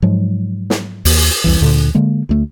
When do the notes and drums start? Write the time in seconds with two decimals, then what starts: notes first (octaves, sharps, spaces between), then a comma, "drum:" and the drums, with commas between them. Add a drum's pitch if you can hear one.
0.02 G#2 F3 F#3 G#3
0.70 drum: snare
1.05 D#2, drum: open hi-hat
1.44 C2 F2 E3
1.61 D2 A#2 D3
1.95 D3 G#3 A#3
2.29 D2 A3